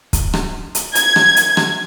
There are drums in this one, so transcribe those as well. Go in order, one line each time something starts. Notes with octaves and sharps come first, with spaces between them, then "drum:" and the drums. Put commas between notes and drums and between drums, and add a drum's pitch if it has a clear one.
drum: kick, hi-hat
drum: rim click
drum: hi-hat
G#6, drum: hi-hat
drum: rim click
drum: hi-hat
drum: rim click